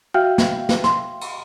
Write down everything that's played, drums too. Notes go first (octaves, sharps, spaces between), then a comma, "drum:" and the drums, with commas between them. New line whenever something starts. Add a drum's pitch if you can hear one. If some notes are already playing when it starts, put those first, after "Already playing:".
F#4 E5 F5 G5
drum: snare
drum: snare
C6, drum: snare
drum: cymbal